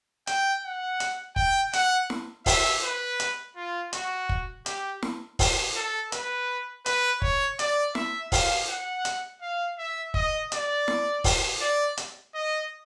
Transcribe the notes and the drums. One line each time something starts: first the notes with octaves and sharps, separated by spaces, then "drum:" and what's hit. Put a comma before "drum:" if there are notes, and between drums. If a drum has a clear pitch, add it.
G5, drum: hi-hat
F#5
drum: hi-hat
G5, drum: kick
F#5, drum: hi-hat
drum: snare
E5, drum: kick, open hi-hat
B4
drum: hi-hat
F4
F#4, drum: hi-hat
drum: kick
G4, drum: hi-hat
drum: snare
drum: kick, open hi-hat
A4
B4, drum: hi-hat
B4, drum: hi-hat
C#5, drum: kick
D5, drum: hi-hat
E5, drum: snare
F5, drum: kick, open hi-hat
F#5
drum: hi-hat
F5
E5
D#5, drum: kick
D5, drum: hi-hat
drum: snare
drum: kick, open hi-hat
D5
drum: hi-hat
D#5